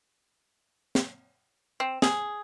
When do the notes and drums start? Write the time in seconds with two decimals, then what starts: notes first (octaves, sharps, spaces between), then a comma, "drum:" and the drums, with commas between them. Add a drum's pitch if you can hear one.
0.95 drum: snare
1.80 C4
2.02 G#4, drum: snare